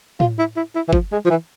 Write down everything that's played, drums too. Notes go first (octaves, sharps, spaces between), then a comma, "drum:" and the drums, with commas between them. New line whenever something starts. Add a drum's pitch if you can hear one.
F4, drum: tom A2
E4
E4
E4
E3
F3, drum: kick G1
G#3
F3
E3